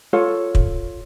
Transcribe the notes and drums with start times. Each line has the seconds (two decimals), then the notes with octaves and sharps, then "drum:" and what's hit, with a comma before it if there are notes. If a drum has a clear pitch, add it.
0.13 F4 A4 C#5
0.55 drum: kick